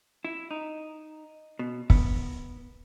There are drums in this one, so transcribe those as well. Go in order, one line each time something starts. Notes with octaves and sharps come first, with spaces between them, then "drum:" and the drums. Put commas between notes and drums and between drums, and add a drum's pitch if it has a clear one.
E4
D#4
B2
B3, drum: kick